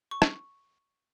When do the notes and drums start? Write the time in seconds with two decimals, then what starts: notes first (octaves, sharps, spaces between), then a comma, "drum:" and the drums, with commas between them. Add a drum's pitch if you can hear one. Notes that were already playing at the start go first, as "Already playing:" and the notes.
0.11 C#6
0.22 drum: rim click